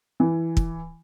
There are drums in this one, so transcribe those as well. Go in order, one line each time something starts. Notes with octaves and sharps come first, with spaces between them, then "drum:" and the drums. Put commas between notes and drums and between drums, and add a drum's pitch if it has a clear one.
E3
drum: kick